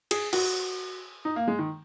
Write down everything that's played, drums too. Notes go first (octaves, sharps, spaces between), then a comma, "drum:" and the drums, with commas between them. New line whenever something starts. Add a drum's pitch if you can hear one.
G#4, drum: cymbal
F#4, drum: cymbal
D#4
A#3
G#3
D#3